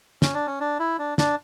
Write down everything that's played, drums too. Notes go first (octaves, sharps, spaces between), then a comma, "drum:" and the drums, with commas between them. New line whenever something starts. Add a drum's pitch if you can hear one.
C#4, drum: snare
D4
C#4
D4
E4
D4
D4, drum: snare